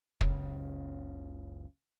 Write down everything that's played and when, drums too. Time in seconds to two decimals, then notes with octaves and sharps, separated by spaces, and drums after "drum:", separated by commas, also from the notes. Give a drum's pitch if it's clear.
0.21 F#1 C#2 C#3, drum: kick